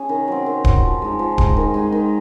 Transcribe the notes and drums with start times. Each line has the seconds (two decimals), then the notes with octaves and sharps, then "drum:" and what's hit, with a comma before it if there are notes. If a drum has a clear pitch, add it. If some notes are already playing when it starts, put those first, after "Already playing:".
Already playing: C#4 G#4
0.09 D#3
0.28 F#3 C4
0.46 D#3
0.64 F#3 C4, drum: kick D1
0.83 F3
1.02 G#3 D#4
1.19 F3
1.38 G#3 D#4, drum: kick D1
1.57 D#3
1.74 G#3 D#4
1.92 D#3